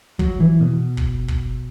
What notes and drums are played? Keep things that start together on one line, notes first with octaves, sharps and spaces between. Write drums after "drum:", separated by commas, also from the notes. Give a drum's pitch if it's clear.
F#3, drum: kick
E3
B2
drum: kick
drum: kick